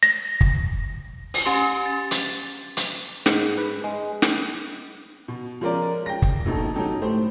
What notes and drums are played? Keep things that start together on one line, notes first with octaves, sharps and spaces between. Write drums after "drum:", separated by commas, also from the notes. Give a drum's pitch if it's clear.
A#6
drum: kick
drum: open hi-hat
C#4 G4 G#5 C6
A6
drum: hi-hat
drum: hi-hat
G#2, drum: snare
B4
G#3
drum: snare
B2
F3 G#3 C#4 F4 A#4 D5
G5 A#6
drum: kick
A#1 B2 D#4 A4
F#3 C#4 D#4 G4 A4
A2 G4 C5